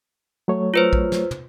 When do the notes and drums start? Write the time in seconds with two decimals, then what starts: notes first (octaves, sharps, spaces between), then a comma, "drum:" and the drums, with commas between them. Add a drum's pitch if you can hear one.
0.48 F#3 A3 C#5
0.74 F4 B4 C5
0.93 drum: kick
1.12 drum: snare
1.31 drum: tom